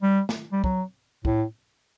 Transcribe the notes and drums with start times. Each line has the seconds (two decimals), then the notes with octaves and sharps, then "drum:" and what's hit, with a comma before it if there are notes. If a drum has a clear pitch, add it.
0.02 G3
0.29 drum: snare
0.52 G3
0.64 F#3, drum: kick
1.25 A2, drum: kick